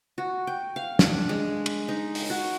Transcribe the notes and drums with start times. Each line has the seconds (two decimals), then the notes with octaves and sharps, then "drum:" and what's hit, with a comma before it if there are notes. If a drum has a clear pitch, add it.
0.18 F#4
0.47 G5
0.76 F5
0.99 D4, drum: snare
1.29 G#3
1.66 drum: cymbal
1.88 D#4
2.15 drum: open hi-hat
2.30 F#4